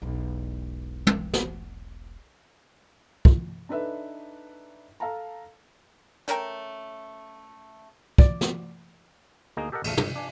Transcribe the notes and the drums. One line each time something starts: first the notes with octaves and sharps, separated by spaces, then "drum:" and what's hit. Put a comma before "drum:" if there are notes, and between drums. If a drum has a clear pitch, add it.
E1 B1
drum: tom
drum: snare
drum: kick
D4 D#4 A4 B4 E5
A4 F5 A5 A#5
A3 C#4 A#4 G5, drum: hi-hat
D5, drum: kick
drum: snare
D2 A#3 D#4 G#4 D#5
G4 A4 A#4 D#5 F#5
A1 D#2 C#3 A3 F5, drum: cymbal
G1 G#2, drum: tom
D4 G#5